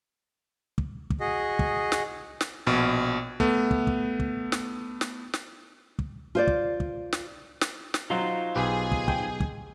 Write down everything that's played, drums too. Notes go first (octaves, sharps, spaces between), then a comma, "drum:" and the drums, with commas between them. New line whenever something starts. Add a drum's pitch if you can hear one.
drum: kick
drum: kick
F#4 G#4 D#5
drum: kick
drum: snare
drum: snare
A#1 B2
A3 B3, drum: kick
drum: kick
drum: kick
drum: kick
drum: snare
drum: snare
drum: snare
drum: kick
F4 C5 D5
drum: kick
drum: kick
drum: snare
drum: snare
drum: snare
F#3 D#4 F4 C5
B1 G4 G#4 B4
drum: kick
G5, drum: kick
drum: kick